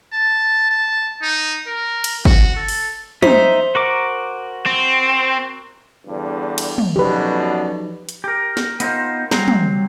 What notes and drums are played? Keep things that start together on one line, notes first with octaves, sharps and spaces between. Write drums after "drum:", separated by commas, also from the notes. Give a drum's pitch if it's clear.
A5
A5
D#4
A#4
drum: cymbal
F#4, drum: kick
A4
drum: open hi-hat
D#4 C5 E5, drum: tom
F#4 A#4 D6
C4
E2 G2 D3
drum: cymbal
drum: tom
F#2 B2 D3 F3 F#3 D#4 G4 B4
drum: hi-hat
G4 A#4
drum: snare
B3 C4 D#4 F4 A#4 C5, drum: hi-hat
F#3 G3 C4 C5 A#5, drum: snare
drum: tom